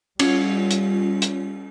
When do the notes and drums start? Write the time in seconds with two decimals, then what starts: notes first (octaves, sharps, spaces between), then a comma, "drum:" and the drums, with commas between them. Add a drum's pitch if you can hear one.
0.19 G3 C#4 F4, drum: cymbal
0.71 drum: hi-hat
1.22 drum: hi-hat